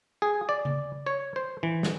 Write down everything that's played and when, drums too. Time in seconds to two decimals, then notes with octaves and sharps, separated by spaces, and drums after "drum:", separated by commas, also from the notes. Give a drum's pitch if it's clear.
0.22 G#4
0.49 D5
0.65 drum: tom C#3
1.06 C#5
1.36 C5
1.63 E3
1.83 drum: snare